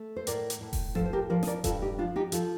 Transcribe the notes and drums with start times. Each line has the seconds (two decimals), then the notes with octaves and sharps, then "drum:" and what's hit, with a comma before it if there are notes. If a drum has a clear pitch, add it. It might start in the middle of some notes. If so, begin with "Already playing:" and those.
Already playing: A3
0.16 C5
0.27 A2 A#4 D5, drum: hi-hat
0.50 drum: hi-hat
0.61 A2
0.73 drum: kick E1, open hi-hat
0.95 F3 A4 C5, drum: tom F2
1.05 C5
1.13 G4 A#4
1.30 F3 A#4 D5
1.43 D#5, drum: snare
1.47 A#4 D5
1.64 G2 F4 A4, drum: kick E1, hi-hat
1.82 D#4 G4
1.98 F3 D4 F4
2.16 D#4 G4
2.32 F3 F4 A4, drum: hi-hat